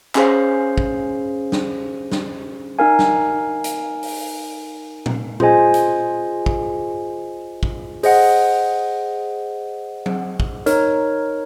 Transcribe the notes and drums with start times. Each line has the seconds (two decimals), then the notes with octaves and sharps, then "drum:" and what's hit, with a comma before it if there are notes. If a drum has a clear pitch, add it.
0.15 C#4 G#4 C5 F5, drum: clap
0.78 drum: kick
1.52 drum: snare
2.12 drum: snare
2.79 D#4 A#4 F5 G#5
2.99 drum: snare
3.64 drum: hi-hat
4.03 drum: open hi-hat
5.06 drum: tom A#2
5.40 F4 G#4 C5 D#5 G#5, drum: tom A#2
5.74 drum: hi-hat
6.46 drum: kick
7.63 drum: kick
8.03 G#4 C5 D#5 F#5, drum: open hi-hat
10.06 drum: tom F#3
10.40 drum: kick
10.66 D#4 A#4 C#5, drum: hi-hat